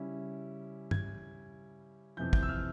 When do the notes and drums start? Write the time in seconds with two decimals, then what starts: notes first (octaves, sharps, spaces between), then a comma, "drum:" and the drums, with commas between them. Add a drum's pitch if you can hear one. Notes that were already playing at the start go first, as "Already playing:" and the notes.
Already playing: C#3 G3 C#4 E4
0.91 G#6, drum: tom G2
2.17 F2 C3 E3 G6
2.33 G6, drum: kick
2.43 E6
2.49 F6